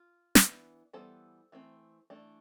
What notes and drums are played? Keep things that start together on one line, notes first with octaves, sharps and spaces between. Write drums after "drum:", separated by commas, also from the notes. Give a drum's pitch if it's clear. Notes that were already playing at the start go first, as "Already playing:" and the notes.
Already playing: F4
E3 B3 D4, drum: snare
E3 G3 B3 A4 C5
E3 A3 C4
E3 A3 D4